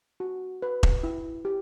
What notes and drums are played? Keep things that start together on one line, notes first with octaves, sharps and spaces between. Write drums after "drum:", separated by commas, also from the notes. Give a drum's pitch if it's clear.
F#4
B4
drum: kick E1
E4
G4